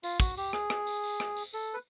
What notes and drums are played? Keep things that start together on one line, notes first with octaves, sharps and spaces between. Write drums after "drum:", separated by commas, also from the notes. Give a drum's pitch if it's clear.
F4, drum: tambourine
F#4, drum: kick, tambourine
G4, drum: tambourine
G#4, drum: rim click
drum: rim click
drum: tambourine
drum: tambourine
drum: rim click
drum: tambourine
A4, drum: tambourine
B4